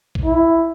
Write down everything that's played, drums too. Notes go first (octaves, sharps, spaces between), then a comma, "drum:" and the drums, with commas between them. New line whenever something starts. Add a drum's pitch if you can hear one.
drum: kick
E4